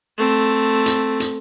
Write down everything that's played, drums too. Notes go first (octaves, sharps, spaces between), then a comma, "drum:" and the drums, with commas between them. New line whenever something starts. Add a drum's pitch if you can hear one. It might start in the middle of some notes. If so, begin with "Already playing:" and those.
A3 C4
drum: hi-hat
drum: hi-hat